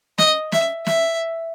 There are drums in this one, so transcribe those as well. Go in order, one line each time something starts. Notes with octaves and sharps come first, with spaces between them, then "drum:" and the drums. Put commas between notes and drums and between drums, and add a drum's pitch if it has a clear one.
D#5, drum: snare
E5, drum: snare
E5, drum: snare